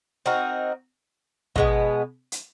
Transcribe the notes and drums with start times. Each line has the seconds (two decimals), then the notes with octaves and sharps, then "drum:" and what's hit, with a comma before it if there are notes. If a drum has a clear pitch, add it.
0.26 C4 D#4 F#4 A#4
1.56 B2 G#3 B3, drum: kick
2.32 drum: hi-hat